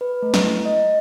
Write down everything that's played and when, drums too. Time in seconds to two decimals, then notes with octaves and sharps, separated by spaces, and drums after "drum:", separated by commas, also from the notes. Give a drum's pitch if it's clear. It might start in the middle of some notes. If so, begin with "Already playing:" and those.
0.01 B4
0.22 A3
0.34 drum: snare
0.44 E4
0.65 D#5